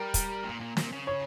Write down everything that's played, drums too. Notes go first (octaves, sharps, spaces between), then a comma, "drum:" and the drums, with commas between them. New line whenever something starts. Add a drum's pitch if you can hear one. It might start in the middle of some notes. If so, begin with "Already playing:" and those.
Already playing: G3 A#4
drum: kick, hi-hat
A#2
A#2
A#2, drum: snare
C#3
C#5